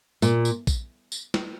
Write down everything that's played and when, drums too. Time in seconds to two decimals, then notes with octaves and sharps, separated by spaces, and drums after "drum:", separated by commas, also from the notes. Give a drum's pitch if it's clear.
0.22 A#2, drum: tambourine
0.45 drum: tambourine
0.67 drum: kick A#1, tambourine
1.12 drum: tambourine
1.34 drum: snare